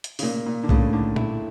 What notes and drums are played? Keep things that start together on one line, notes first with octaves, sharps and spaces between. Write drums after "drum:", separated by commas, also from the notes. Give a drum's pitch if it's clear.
drum: hi-hat
C#3, drum: open hi-hat
A#2 A#3
A#2
D3
A2 C#3, drum: kick B1
D3
E4, drum: tom A#2